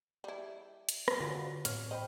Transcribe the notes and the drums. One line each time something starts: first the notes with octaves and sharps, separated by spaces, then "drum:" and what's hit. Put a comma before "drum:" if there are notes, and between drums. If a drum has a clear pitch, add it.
G3 E4
drum: hi-hat
drum: rim click
D3 G3 C#4 F4 F#4
B4
A2 C4 C#5 F6, drum: hi-hat
C5 D#5 G5 B5